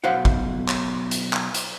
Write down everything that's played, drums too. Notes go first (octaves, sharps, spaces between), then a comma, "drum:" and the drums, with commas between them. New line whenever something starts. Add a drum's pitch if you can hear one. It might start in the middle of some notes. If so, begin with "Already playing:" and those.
B1 C5 F5 F#5
drum: kick
drum: clap
drum: hi-hat
drum: clap
drum: hi-hat